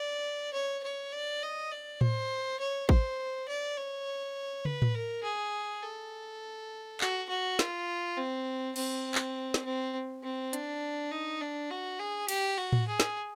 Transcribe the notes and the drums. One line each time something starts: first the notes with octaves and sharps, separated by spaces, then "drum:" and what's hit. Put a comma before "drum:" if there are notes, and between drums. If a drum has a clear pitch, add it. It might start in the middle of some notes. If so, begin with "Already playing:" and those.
Already playing: D5
C#5
C#5
D5
D#5
D5
C5, drum: tom A2
C#5
C5, drum: kick
D5
C#5
B4, drum: tom
drum: tom A2
A#4
G#4
A4
F#4, drum: clap
F#4
F4, drum: snare
C4
C4, drum: cymbal
drum: clap
drum: snare
C4
C4
D4, drum: hi-hat
D#4
D4
F#4
G#4
G4, drum: cymbal
F#4
drum: tom A2
G#4
drum: snare